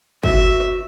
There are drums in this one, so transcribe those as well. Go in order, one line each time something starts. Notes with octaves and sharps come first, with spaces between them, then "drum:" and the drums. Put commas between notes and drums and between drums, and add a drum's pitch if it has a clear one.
F#4 E5, drum: kick